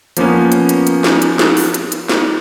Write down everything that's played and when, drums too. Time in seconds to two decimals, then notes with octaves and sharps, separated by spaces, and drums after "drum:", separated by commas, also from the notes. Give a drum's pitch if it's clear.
0.17 F3 A#3 B3 C#4, drum: hi-hat
0.52 drum: hi-hat
0.69 drum: hi-hat
0.87 drum: hi-hat
1.04 drum: snare
1.22 drum: hi-hat
1.39 drum: snare
1.57 drum: open hi-hat
1.74 drum: hi-hat
1.92 drum: hi-hat
2.09 drum: snare